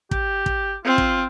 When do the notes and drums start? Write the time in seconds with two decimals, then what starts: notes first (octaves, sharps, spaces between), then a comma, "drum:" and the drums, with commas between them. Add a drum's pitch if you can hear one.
0.11 G4, drum: kick
0.46 drum: kick
0.85 C4 F4
0.98 drum: kick